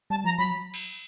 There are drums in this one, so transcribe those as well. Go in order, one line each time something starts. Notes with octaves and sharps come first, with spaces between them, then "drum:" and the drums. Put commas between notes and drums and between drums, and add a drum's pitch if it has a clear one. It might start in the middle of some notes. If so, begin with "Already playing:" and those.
G3 A5
F3 A#5
F#3 B5
drum: cymbal